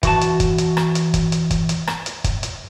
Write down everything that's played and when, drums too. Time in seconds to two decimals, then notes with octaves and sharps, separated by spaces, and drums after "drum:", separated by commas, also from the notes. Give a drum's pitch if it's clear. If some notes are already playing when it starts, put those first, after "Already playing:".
0.03 E3 F#4 A5, drum: kick, hi-hat
0.21 drum: hi-hat
0.40 drum: kick, hi-hat
0.58 drum: hi-hat
0.77 drum: rim click
0.95 drum: hi-hat
1.14 drum: kick, hi-hat
1.32 drum: hi-hat
1.51 drum: kick, hi-hat
1.69 drum: hi-hat
1.87 drum: rim click
2.06 drum: hi-hat
2.24 drum: kick, hi-hat
2.43 drum: hi-hat